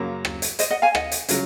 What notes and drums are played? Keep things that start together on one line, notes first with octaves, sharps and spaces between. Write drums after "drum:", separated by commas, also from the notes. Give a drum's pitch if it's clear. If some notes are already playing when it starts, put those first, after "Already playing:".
Already playing: F#2 C#3 F#3 A#3
drum: rim click
drum: hi-hat
C5 D#5, drum: hi-hat
D#5 F#5
F5 G#5
D#5 F#5, drum: rim click
drum: hi-hat
C#3 F#3, drum: hi-hat